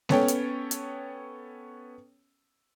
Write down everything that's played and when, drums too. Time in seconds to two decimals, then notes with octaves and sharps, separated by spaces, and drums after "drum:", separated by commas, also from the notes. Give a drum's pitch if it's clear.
0.09 B3 C#4 A4 C#5 G5, drum: snare G#3
0.28 drum: hi-hat
0.71 drum: hi-hat